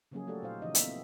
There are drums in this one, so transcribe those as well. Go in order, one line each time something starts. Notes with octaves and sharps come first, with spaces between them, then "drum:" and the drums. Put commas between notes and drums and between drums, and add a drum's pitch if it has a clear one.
C#3 F3 F#3 A#3 C#4 G#4
A3 F#4 G4 A4 D5
A#2 D#4 C5 F5
C#3 E3 F3 D#4 D#5
A#3 B3 E5, drum: hi-hat
C4